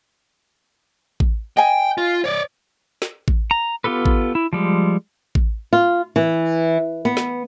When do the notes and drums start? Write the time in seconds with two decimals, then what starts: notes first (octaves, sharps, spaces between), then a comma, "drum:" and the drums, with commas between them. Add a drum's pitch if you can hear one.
1.20 drum: kick A1
1.57 D#5 G5 G#5
1.98 F4
2.24 C#5 D5
3.02 drum: snare
3.28 drum: kick A1
3.51 A#5
3.84 B3 F4 G4 A4 B4
4.06 drum: kick A1
4.35 E4
4.53 F3 G3 G#3
5.35 drum: kick A1
5.73 F4
6.16 E3
7.05 B3
7.17 drum: snare